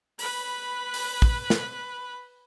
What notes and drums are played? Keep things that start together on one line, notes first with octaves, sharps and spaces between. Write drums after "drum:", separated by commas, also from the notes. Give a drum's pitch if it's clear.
B4 B5, drum: open hi-hat
drum: open hi-hat
drum: kick
drum: snare